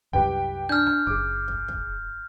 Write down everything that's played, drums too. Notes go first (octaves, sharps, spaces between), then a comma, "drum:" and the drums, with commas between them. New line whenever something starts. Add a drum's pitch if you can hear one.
C2 F#2 G4 B4 G5
D4 G#5 F6 G6
drum: rim click
F#1 G#4 D6
drum: kick
drum: kick